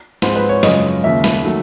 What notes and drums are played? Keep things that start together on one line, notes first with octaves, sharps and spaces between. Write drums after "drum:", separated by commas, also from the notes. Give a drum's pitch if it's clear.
G#2 F3 G#3 C4 C5, drum: snare
B4
C#5
F#2 C#3 F3 G#3 D#5, drum: snare
D#2 C#3 F3 A#3 E5
drum: snare
D#3 F#3 A3